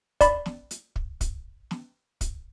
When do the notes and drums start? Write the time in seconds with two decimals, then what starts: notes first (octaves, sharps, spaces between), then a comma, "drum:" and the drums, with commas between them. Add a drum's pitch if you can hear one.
0.21 D5 B5, drum: kick, hi-hat
0.46 drum: snare
0.71 drum: hi-hat
0.96 drum: kick
1.21 drum: kick, hi-hat
1.71 drum: snare
2.21 drum: kick, hi-hat